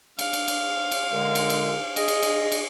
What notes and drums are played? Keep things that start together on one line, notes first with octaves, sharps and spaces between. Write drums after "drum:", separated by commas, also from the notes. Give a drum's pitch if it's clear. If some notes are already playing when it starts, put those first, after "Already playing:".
F5, drum: cymbal
drum: cymbal
drum: cymbal
drum: cymbal
A#2 D3 G#3
drum: cymbal
drum: cymbal
G#4 D#5, drum: cymbal
drum: cymbal
drum: cymbal
drum: cymbal